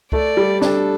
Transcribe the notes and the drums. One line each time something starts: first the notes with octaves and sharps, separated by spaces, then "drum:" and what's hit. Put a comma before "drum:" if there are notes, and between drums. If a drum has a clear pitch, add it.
A3 D5, drum: kick C#2
G3
D4 A4, drum: snare